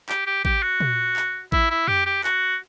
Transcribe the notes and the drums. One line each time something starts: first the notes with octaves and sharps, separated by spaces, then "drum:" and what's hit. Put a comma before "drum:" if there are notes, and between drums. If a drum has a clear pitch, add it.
G4, drum: clap
G4
G4, drum: kick A1
F#4
drum: tom A#2
drum: clap
E4, drum: kick A1
E4
G4, drum: tom F2
G4
F#4, drum: clap